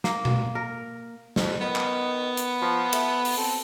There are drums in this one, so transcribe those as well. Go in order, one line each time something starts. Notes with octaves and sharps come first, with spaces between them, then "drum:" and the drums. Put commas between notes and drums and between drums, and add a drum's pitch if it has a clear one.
A#3, drum: snare
drum: tom B2
A#4
F2, drum: snare
D#3 B3
drum: clap
drum: hi-hat
F3
A3, drum: cymbal
drum: open hi-hat
C4 A4